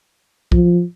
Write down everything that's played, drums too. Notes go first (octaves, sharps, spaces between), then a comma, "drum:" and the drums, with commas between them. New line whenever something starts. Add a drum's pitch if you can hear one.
F3, drum: kick